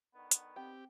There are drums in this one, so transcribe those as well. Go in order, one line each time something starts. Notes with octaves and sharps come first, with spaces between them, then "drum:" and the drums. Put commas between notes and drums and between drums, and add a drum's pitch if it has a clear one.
D3 D#3 B3
drum: hi-hat
C4 G4 G5